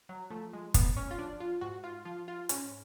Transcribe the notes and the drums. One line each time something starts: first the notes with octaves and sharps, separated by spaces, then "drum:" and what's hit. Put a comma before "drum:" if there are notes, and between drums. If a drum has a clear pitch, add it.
F#3
F3 A3
G#3
A2 B3, drum: kick, hi-hat
C#4
F4
F3 D4
F4
G#2 F#4
F4
F3 F4
F4
G#2 C#4, drum: hi-hat